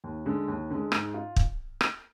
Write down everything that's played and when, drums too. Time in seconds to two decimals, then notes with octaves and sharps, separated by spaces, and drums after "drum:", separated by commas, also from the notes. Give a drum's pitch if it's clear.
0.04 D#2
0.26 D3 G#3
0.48 D#2
0.70 D3 G#3
0.92 G#2, drum: rim click
1.14 F4
1.36 drum: kick
1.81 drum: rim click